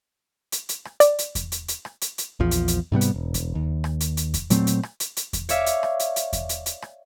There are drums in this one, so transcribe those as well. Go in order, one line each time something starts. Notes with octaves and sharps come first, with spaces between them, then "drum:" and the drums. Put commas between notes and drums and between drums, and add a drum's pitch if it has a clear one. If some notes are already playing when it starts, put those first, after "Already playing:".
drum: hi-hat
drum: hi-hat
drum: rim click
D5, drum: hi-hat
drum: hi-hat
drum: kick E2, hi-hat
drum: hi-hat
drum: hi-hat
drum: rim click
drum: hi-hat
drum: hi-hat
A#1 E2 F3
drum: hi-hat
drum: hi-hat
G#2 C3 G3 B3
drum: hi-hat
E1
drum: kick E2, hi-hat
D#2
drum: rim click
drum: hi-hat
drum: hi-hat
drum: kick E2, hi-hat
A#2 F#3 A3 C4, drum: hi-hat
drum: hi-hat
drum: rim click
drum: hi-hat
drum: hi-hat
drum: kick E2, hi-hat
C#5 D5 E5 F5, drum: hi-hat
drum: hi-hat
drum: rim click
drum: hi-hat
drum: hi-hat
drum: kick E2, hi-hat
drum: hi-hat
drum: hi-hat
drum: rim click